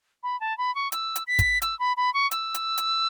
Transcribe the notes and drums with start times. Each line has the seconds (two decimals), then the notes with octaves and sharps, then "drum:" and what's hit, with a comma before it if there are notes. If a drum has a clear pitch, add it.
0.23 B5
0.40 A5
0.58 B5
0.75 C#6
0.92 E6, drum: hi-hat
1.16 drum: hi-hat
1.27 B6
1.39 drum: kick, hi-hat
1.62 E6, drum: hi-hat
1.79 B5
1.97 B5
2.14 C#6
2.31 E6, drum: hi-hat
2.54 drum: hi-hat
2.78 drum: hi-hat